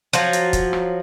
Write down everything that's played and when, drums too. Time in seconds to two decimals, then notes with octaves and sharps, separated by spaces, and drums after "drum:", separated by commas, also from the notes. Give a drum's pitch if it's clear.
0.13 F3 F#3, drum: hi-hat
0.33 drum: hi-hat
0.53 drum: kick, hi-hat
0.73 drum: rim click